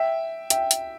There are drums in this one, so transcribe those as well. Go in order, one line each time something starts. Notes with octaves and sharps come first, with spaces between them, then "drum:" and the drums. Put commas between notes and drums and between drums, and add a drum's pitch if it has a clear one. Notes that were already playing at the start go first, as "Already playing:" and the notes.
Already playing: E5 G5
E5 G5, drum: hi-hat
drum: hi-hat